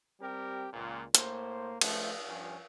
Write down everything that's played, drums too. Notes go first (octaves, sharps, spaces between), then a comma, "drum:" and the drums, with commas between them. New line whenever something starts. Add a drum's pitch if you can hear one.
G3 C4 G4 A#4
C#2 A#2
A2 A#3 C5, drum: hi-hat
F3 A3 C#4, drum: cymbal
G2 F3 C#4